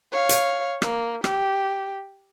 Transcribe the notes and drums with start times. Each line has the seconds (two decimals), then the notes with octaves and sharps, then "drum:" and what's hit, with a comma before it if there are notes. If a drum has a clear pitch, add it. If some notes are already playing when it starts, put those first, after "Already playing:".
0.12 C#5 F5
0.29 drum: hi-hat
0.82 A#3, drum: rim click
1.24 G4, drum: rim click